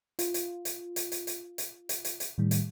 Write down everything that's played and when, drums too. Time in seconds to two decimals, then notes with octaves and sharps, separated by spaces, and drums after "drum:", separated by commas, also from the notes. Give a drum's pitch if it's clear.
0.19 F4, drum: hi-hat
0.34 drum: hi-hat
0.65 drum: hi-hat
0.96 drum: hi-hat
1.12 drum: hi-hat
1.27 drum: hi-hat
1.58 drum: hi-hat
1.89 drum: hi-hat
2.05 drum: hi-hat
2.20 drum: hi-hat
2.38 A2 D#3 G3
2.51 drum: hi-hat